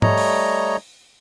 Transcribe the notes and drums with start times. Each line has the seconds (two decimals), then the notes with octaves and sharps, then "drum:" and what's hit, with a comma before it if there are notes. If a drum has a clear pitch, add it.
0.02 G3 A3 C#5 D#5 A#5, drum: tom G#2
0.17 drum: open hi-hat